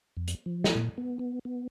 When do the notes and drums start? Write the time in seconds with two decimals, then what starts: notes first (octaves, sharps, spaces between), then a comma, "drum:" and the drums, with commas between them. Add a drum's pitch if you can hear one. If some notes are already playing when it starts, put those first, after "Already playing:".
0.17 F2
0.27 drum: hi-hat
0.46 F3
0.64 drum: snare
0.75 A#2
0.98 B3
1.19 B3
1.45 B3